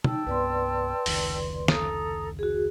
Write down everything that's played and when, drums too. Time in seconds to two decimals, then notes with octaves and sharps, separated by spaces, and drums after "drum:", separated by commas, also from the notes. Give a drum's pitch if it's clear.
0.04 D#4 G5 A5 E6, drum: tom
0.27 C2 G2 B3 B4 D5 C6
1.06 F1 C#2 D#3, drum: open hi-hat
1.68 A4 A#5 D#6, drum: snare
2.39 F#4 G#4